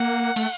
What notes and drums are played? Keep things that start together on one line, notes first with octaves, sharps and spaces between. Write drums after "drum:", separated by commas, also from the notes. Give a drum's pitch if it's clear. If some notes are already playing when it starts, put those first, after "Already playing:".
Already playing: A#3 F#5
A3, drum: cymbal